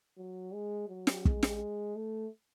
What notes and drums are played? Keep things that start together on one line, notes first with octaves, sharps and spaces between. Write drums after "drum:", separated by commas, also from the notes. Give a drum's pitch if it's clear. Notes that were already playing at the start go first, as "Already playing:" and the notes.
F#3
G#3
F#3
drum: snare
G#3, drum: kick
drum: snare
A3